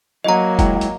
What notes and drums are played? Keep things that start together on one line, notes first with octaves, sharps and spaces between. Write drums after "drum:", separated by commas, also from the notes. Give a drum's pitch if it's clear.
F#3 A#3 D#5 A#5
G#3 E4 G5, drum: kick, hi-hat
drum: hi-hat